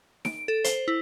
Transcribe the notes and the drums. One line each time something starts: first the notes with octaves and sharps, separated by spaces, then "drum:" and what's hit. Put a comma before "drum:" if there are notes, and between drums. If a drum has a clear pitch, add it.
D7, drum: snare D#4
A4
C5, drum: hi-hat
E4